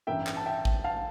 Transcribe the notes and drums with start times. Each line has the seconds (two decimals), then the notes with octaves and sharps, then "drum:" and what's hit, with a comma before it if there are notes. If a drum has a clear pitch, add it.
0.07 A1 G2 E3 A#3 E5 G5
0.27 drum: clap
0.37 A5
0.46 E5 G5
0.65 drum: kick A1
0.84 F5 A5